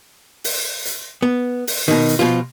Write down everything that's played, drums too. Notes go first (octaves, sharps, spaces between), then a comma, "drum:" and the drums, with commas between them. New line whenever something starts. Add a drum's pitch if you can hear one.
drum: open hi-hat
drum: hi-hat
B3
drum: open hi-hat
B2 D#3
drum: hi-hat
B2 F3 F4